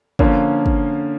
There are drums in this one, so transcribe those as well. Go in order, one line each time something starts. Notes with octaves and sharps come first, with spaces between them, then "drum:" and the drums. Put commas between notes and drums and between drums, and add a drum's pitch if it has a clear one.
D3 F3 A#3 C#4, drum: kick
drum: kick